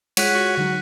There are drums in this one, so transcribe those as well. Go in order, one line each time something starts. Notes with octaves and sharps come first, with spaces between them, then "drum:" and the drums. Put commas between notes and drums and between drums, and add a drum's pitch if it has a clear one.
G#3 F4 G#4 C#5 F#5 F#6 B6 D#7, drum: cymbal
F#4
D3 F#3 D#4